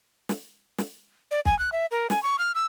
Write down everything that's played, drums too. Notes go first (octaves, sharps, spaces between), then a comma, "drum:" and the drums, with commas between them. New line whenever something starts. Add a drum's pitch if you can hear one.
drum: snare
drum: snare
D5
G#5, drum: kick
F#6
E5
A#4
G#5, drum: snare
C#6
F6
E6